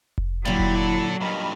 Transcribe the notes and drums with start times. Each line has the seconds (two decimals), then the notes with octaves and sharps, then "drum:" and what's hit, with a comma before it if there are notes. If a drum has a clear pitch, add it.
0.18 drum: kick F1
0.45 A#2 D3 F#3 G3 E4
0.59 drum: kick F1
0.75 A4 D5
1.21 G2 A#2 A#4 D#5 B5